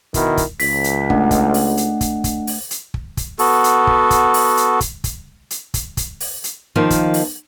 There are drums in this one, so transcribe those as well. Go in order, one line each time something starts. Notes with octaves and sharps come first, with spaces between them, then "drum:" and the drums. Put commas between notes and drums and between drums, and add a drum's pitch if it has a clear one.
B2 D#3 E4, drum: kick, hi-hat
drum: kick, hi-hat
C#2 B6, drum: open hi-hat
drum: hi-hat
A3 D4 F#5, drum: kick
drum: kick, hi-hat
drum: open hi-hat
drum: hi-hat
drum: kick, hi-hat
drum: kick, hi-hat
drum: open hi-hat
drum: hi-hat
drum: kick
drum: kick, hi-hat
B3 F#4 A4, drum: open hi-hat
drum: hi-hat
drum: kick
drum: kick, hi-hat
drum: open hi-hat
drum: hi-hat
drum: kick, hi-hat
drum: kick, hi-hat
drum: hi-hat
drum: kick, hi-hat
drum: kick, hi-hat
drum: open hi-hat
drum: hi-hat
D#3 F3 A#3
drum: kick, hi-hat
drum: open hi-hat